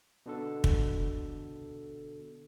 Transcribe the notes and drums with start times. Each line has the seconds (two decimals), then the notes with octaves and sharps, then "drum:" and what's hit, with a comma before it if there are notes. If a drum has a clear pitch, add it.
0.26 B2 D3 A4
0.64 drum: kick